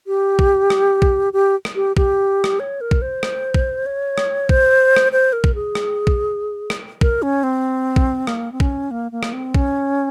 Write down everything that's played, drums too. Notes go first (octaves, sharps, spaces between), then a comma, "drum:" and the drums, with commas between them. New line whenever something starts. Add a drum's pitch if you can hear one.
G4
drum: kick
drum: rim click
drum: kick
G4
drum: rim click
G4
G4, drum: kick
drum: rim click
C#5
A#4
drum: kick
C5
drum: rim click
drum: kick
C#5
drum: rim click
C5, drum: kick
drum: rim click
C5
A#4
drum: kick
G#4
drum: rim click
drum: kick
drum: rim click
A#4, drum: kick
C#4
C4
drum: kick
A#3, drum: rim click
C4
C#4, drum: kick
A#3
A#3
drum: rim click
C4
C#4, drum: kick